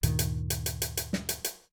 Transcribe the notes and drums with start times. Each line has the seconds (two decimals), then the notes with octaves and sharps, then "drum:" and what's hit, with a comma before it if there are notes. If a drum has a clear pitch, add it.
0.03 D2 G2 A#2 D#3, drum: hi-hat
0.19 drum: hi-hat
0.50 drum: hi-hat
0.66 drum: hi-hat
0.82 drum: hi-hat
0.97 drum: hi-hat
1.13 drum: snare
1.29 drum: hi-hat
1.44 drum: hi-hat